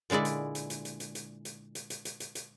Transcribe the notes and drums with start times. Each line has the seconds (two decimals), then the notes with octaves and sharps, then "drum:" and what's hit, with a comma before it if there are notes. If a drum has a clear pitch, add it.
0.10 A#2 D3 G#3 E4 D5
0.25 drum: hi-hat
0.55 drum: hi-hat
0.70 drum: hi-hat
0.85 drum: hi-hat
1.00 drum: hi-hat
1.15 drum: hi-hat
1.45 drum: hi-hat
1.75 drum: hi-hat
1.90 drum: hi-hat
2.05 drum: hi-hat
2.20 drum: hi-hat
2.35 drum: hi-hat